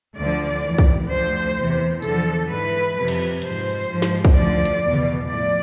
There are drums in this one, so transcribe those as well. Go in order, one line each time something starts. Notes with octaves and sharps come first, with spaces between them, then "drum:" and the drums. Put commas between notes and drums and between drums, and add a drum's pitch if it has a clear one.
D2 D3 F3 D5
F2 E3
drum: kick
D2 D3 F3 C5
E2 C3 E3
E2 D3 F3 A4, drum: tambourine
G#2 E3 B4
F2 C3 F3
drum: cymbal
G#2 F3 C5, drum: hi-hat
G#2 F3
drum: snare
drum: kick
D2 D3 F3 D5
drum: hi-hat
E2 B2
drum: tom C3
A2 F3 D5